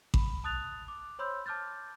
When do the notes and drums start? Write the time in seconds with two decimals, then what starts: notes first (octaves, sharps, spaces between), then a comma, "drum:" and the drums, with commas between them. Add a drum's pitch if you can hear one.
0.14 B5, drum: kick A1
0.44 A5 D#6 F#6 A6 F7
0.88 D6
1.19 C5 C#5 B5 C6 E6 G6
1.46 A5 D6 F6 G6 A6